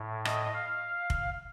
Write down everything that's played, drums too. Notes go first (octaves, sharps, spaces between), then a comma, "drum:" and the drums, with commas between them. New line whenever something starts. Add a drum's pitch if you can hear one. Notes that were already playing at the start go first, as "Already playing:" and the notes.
Already playing: A2
D#5, drum: rim click
F5
drum: kick F1